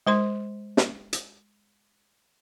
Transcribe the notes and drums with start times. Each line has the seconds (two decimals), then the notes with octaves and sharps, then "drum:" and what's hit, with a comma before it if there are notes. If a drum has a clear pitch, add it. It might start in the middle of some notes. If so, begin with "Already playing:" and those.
0.07 G#3 C5 C6
0.77 drum: snare
1.13 drum: hi-hat